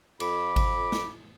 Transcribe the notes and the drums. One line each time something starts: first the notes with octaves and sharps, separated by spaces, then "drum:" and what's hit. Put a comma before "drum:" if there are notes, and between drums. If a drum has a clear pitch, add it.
F2 B5 D6, drum: cymbal
drum: kick G#1, cymbal
drum: snare